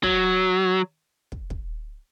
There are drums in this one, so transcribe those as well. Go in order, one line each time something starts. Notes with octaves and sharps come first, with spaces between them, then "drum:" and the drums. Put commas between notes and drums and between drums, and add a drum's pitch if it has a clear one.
F#3, drum: kick
drum: kick
drum: kick